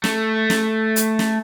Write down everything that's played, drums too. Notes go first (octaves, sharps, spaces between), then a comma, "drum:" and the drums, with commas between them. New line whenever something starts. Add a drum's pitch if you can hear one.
A3, drum: snare
drum: snare
drum: hi-hat
drum: snare